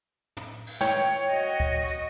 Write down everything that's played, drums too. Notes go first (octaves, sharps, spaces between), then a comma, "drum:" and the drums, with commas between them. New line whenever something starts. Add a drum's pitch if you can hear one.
drum: tom
drum: cymbal
C#5 G5, drum: snare
F#4 D#5
drum: kick C#2
drum: hi-hat